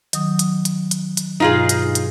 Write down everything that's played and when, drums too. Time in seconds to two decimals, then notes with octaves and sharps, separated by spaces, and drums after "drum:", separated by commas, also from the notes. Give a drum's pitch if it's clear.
0.13 D#3 F#3 D#6, drum: hi-hat
0.39 drum: hi-hat
0.65 drum: hi-hat
0.91 drum: hi-hat
1.17 drum: hi-hat
1.40 G2 B2 D#4 F4 F#4 G#4
1.69 drum: hi-hat
1.95 drum: hi-hat